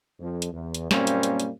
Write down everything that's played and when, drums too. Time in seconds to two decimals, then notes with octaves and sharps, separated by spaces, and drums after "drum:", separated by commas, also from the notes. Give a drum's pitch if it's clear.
0.20 F2
0.42 drum: hi-hat
0.53 E2
0.75 drum: hi-hat
0.91 F#2 A#2 G3 A#3 C4 C#4, drum: snare
1.07 drum: hi-hat
1.23 drum: hi-hat
1.40 drum: hi-hat